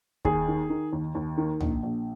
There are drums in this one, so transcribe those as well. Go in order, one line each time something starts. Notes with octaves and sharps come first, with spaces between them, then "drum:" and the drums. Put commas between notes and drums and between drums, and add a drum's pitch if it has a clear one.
D#2 G#4, drum: kick
D#3
D#3
D#2
D#2
D#3
A#1, drum: tom
A#1